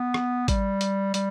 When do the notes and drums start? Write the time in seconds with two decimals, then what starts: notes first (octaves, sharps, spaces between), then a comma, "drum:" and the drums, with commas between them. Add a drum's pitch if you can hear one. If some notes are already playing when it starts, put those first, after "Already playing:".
Already playing: B3
0.14 drum: rim click
0.48 G3, drum: kick G#1, hi-hat
0.81 drum: hi-hat
1.14 G3, drum: hi-hat